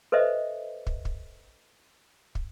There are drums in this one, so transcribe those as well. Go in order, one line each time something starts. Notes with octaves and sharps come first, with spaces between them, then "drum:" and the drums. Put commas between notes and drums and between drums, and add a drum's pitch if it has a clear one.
A4 B4 C5 D#5 E5
drum: kick
drum: kick
drum: kick